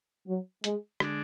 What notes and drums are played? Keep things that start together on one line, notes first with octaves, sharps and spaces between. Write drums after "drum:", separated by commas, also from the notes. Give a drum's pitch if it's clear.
F#3
G#3, drum: hi-hat
D3 G#3 D4, drum: rim click